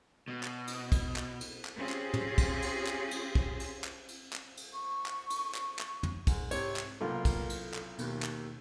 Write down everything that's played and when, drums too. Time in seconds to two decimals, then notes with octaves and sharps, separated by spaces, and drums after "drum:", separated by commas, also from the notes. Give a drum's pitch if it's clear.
0.28 B2
0.43 drum: clap
0.67 drum: cymbal
0.92 drum: kick, cymbal
1.16 drum: clap
1.41 drum: cymbal
1.65 drum: clap
1.76 C4 C#4 F4 G4 G#4
1.89 drum: clap
2.14 drum: tom
2.38 drum: kick, cymbal
2.62 drum: cymbal
2.87 drum: clap
3.11 drum: cymbal
3.35 drum: kick
3.60 drum: cymbal
3.84 drum: clap
4.08 drum: cymbal
4.33 drum: clap
4.57 drum: cymbal
4.73 C#6
5.06 drum: clap
5.30 drum: cymbal
5.55 drum: clap
5.79 drum: clap
6.03 drum: tom
6.27 G#2, drum: kick, cymbal
6.51 G#2 C3 C#5, drum: cymbal
6.76 drum: clap
7.01 B1 C3 A#3 F4 A4
7.25 drum: kick, cymbal
7.49 drum: cymbal
7.74 drum: clap
7.99 D#2 B2, drum: cymbal
8.22 drum: clap